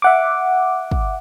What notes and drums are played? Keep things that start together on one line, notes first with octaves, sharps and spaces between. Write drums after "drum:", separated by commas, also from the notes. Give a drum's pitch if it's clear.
E5 F#5 D6
drum: kick